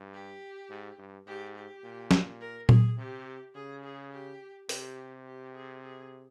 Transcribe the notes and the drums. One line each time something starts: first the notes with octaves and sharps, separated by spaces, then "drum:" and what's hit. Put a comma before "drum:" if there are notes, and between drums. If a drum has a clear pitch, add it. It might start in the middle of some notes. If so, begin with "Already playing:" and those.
Already playing: G2
G4
G#2
G2
G#2 G4
G4
A#2
drum: snare F#3
A#4
G#4, drum: tom A#2
C3 G4
C#3 G#4
G#4
G4
C3 G4, drum: open hi-hat
G4
G#4
G#4